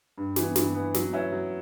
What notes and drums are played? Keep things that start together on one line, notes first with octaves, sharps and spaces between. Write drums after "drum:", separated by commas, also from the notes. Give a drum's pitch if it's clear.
G2
E3 B3, drum: snare
G2, drum: snare
E3 B3
F#3, drum: snare
C#4 E4 B4 E5
F#3